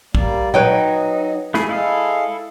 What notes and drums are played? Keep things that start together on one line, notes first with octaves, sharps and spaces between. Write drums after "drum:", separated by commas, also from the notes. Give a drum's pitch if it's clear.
G3 A#3 D5, drum: kick
F#3 D#4 B4 C#5 G5, drum: tom A#2
A3 E4 G#4, drum: snare
G#3 E4 A4 F5 D#6